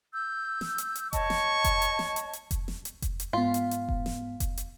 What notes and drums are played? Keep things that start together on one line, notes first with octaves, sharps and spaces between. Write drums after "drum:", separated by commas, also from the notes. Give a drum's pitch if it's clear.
E6 G6
drum: snare
drum: hi-hat
drum: hi-hat
C#5 D#5 A5 C#6, drum: kick F1, hi-hat
drum: snare
drum: kick F1, hi-hat
drum: hi-hat
drum: snare
drum: hi-hat
drum: hi-hat
drum: kick F1, hi-hat
drum: snare
drum: hi-hat
drum: kick F1, hi-hat
drum: hi-hat
G#2 B3 F4
drum: hi-hat
drum: hi-hat
drum: kick F1
drum: snare
drum: kick F1, hi-hat
drum: hi-hat